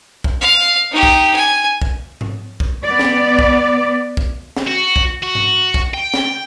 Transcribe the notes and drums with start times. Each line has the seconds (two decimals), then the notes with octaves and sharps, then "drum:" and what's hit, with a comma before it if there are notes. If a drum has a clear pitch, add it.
0.24 drum: kick
0.41 F5
0.91 D#4 G4
1.03 drum: kick
1.36 G#5
1.82 drum: kick
2.21 drum: tom G#2
2.60 drum: kick
2.85 B3 D5
2.99 drum: snare
3.39 drum: kick
4.17 drum: kick
4.57 drum: snare
4.67 F#4
4.96 drum: kick
5.23 F#4
5.35 drum: tom G#2
5.74 drum: kick
5.94 G5
6.14 drum: snare